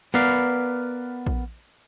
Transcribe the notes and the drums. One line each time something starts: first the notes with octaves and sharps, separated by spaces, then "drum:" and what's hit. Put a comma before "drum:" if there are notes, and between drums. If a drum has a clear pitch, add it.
B3 A#4 B4 D5 F5, drum: snare
drum: kick A#1